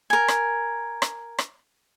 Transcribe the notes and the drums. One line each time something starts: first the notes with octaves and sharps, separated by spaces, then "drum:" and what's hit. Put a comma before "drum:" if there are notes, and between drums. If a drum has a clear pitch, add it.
A#4 G#5
drum: rim click
drum: rim click
drum: rim click